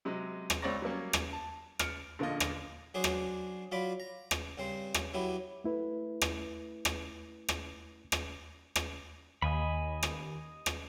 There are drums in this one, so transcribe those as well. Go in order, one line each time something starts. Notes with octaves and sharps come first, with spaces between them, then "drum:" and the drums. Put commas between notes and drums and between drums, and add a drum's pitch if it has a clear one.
C3 F#3 G#3
drum: rim click
C#2 C4 C#5 D5 C#6 A#6
F#3 G3 A#3 C#4
drum: rim click
A5
F6 C#7 D7, drum: rim click
A#1 D3 A#3 D#4 F4 D#5
drum: rim click
F#3 D4 G#4 C5 D5
drum: rim click
F#3 F4 D5 B5 D6
A#5
drum: rim click
G2 C#3 C4 C5
drum: rim click
F#3 B3 E4 G4
A3 E4 B4
drum: rim click
drum: rim click
drum: rim click
drum: rim click
drum: rim click
D#2 D#5 G#5 B5
drum: rim click
drum: rim click